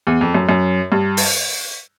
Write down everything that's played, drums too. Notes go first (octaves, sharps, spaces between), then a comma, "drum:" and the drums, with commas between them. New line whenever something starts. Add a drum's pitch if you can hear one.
E2
F2
F#2
F#2
G2
drum: open hi-hat